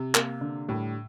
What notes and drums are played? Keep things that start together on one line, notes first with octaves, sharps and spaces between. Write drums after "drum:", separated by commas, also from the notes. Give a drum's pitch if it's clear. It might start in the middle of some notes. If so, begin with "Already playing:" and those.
Already playing: C3
A#3, drum: clap
D3
A2 G3